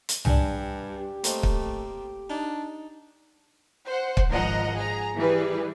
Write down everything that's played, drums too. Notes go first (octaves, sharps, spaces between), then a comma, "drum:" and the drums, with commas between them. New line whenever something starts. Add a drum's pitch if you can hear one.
drum: hi-hat
G2 D4 G#5, drum: tom C2
G4
A3 A#3 C4 D#5, drum: hi-hat
drum: kick
D4 D#4
C5 F#5
drum: kick
G#1 F3 A#4 D#5 F#5 A#5
G#4 A#5
E3 G3 G#4 B4